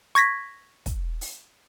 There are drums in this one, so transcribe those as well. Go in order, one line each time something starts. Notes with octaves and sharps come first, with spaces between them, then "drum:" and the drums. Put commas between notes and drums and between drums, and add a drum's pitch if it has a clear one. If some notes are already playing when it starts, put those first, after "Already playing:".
C#6 G#6 A#6 B6, drum: hi-hat
drum: kick, hi-hat
drum: open hi-hat